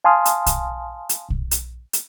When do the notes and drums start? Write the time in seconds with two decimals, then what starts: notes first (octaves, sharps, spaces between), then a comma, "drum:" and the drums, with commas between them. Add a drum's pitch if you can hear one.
0.04 F5 G#5 A5 C6 D#6 F6
0.25 drum: hi-hat
0.46 drum: kick, hi-hat
1.09 drum: hi-hat
1.30 drum: kick
1.51 drum: hi-hat
1.93 drum: hi-hat